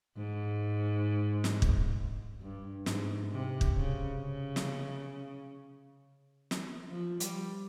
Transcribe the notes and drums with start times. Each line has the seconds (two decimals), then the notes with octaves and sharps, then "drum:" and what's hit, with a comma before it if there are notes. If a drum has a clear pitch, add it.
0.17 G#2
1.44 drum: snare
1.62 drum: kick
2.41 G2
2.86 G#2, drum: snare
3.31 C3
3.61 drum: kick
3.76 C#3
4.21 C#3
4.56 drum: snare
6.51 drum: snare
6.90 F3
7.20 G3, drum: hi-hat